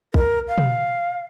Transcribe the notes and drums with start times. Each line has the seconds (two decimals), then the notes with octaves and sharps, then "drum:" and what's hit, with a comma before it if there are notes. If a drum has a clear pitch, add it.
0.14 A#4, drum: kick
0.48 F5
0.58 drum: tom